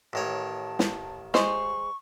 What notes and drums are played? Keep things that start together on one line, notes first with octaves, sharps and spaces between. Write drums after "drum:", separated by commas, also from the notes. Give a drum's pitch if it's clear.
A1 D#3 C#5 A5
drum: snare
G#3 C5 C#6, drum: snare